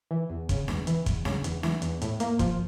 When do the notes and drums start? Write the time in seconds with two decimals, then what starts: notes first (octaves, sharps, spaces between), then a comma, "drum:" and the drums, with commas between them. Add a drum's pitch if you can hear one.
0.11 E3
0.30 E2
0.49 C#3, drum: kick, hi-hat
0.68 E2, drum: snare D4
0.87 E3, drum: hi-hat
1.06 E2, drum: kick, hi-hat
1.25 C#3, drum: snare D4
1.44 E2, drum: hi-hat
1.63 E3, drum: snare D4
1.82 E2, drum: hi-hat
2.02 A2, drum: hi-hat
2.20 A#3, drum: hi-hat
2.39 F3, drum: kick, hi-hat